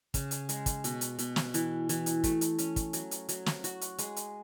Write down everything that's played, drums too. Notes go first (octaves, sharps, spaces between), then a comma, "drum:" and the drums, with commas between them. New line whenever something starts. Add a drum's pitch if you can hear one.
C#3, drum: kick, hi-hat
drum: hi-hat
G#3, drum: hi-hat
drum: kick, hi-hat
B2, drum: hi-hat
drum: hi-hat
B2, drum: hi-hat
drum: snare
E3, drum: hi-hat
E3, drum: hi-hat
drum: hi-hat
A3, drum: kick, hi-hat
drum: hi-hat
C#4, drum: hi-hat
drum: kick, hi-hat
F#3, drum: hi-hat
drum: hi-hat
F#3, drum: hi-hat
drum: snare
F#4, drum: hi-hat
drum: hi-hat
G#3, drum: hi-hat
drum: hi-hat